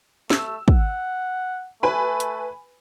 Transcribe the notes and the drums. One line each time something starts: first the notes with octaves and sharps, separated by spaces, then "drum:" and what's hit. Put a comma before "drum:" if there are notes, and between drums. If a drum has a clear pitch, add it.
A3 E6, drum: snare
F#5, drum: kick
A3 B4 G#5 B5
drum: hi-hat